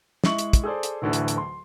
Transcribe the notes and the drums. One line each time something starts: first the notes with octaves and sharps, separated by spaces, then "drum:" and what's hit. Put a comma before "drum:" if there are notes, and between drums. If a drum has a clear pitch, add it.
G#3 E4 C#6 F#7, drum: snare
drum: hi-hat
drum: kick, hi-hat
G#4 A4 C5 D5
drum: hi-hat
D1 D2 D3 E3
drum: hi-hat
drum: hi-hat
C6